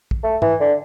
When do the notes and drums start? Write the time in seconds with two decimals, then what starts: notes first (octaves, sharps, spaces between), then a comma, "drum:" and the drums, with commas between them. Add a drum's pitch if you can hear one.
0.11 drum: kick
0.23 A3
0.42 E3, drum: tom G#2
0.60 D3